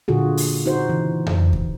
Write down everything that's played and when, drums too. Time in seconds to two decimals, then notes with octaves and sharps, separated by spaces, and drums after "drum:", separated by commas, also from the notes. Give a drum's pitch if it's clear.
0.08 A#2 D3 F4 F#4 G#4
0.37 drum: open hi-hat
0.66 D#4 F#4 C5
0.89 C#3 E3
1.26 drum: tom F2
1.53 drum: kick D#2